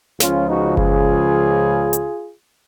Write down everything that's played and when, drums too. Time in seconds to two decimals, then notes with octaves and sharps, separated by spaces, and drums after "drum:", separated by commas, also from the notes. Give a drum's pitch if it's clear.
0.20 C#2 C#3 F3 C#4 F4, drum: snare
0.49 D#4 F#4
0.77 F4 G#4, drum: kick F#1
1.93 drum: hi-hat